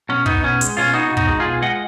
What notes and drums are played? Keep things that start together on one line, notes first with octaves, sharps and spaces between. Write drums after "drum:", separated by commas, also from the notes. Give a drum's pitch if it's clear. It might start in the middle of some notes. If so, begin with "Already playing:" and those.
B2 C#4
B3 D#4, drum: kick
B2 C#4
G#3, drum: hi-hat
B2 C#4 F4
B3 D#4 F#4
B2
D#4 F#4, drum: kick
G#3
F4 G#4
B2
G#3 D#5 F#5